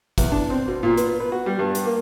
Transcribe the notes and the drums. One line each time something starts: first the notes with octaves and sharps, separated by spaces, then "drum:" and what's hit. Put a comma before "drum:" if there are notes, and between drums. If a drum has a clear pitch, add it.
E2, drum: kick G1, hi-hat
D4
C4
B2
A#2
B3, drum: hi-hat
B4
F#4
G3
G2
drum: hi-hat
A#3